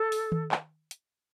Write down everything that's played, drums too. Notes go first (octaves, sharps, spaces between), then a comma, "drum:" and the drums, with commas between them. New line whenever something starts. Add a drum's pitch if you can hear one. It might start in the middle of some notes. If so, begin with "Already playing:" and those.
Already playing: A4
drum: open hi-hat
drum: tom D#3
drum: clap
drum: hi-hat